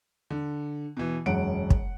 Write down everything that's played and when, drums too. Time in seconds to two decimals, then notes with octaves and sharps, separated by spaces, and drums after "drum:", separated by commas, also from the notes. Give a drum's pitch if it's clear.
0.30 D3
0.97 B2 E3
1.26 E1 F#2 F#5 D7
1.70 drum: kick